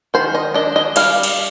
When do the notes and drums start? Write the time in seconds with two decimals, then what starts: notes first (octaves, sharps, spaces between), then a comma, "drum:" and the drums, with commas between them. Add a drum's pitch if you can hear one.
0.14 D#3 C5
0.35 D#5
0.54 D4 D#5
0.76 D#5
0.96 G3 F5, drum: cymbal
1.23 drum: cymbal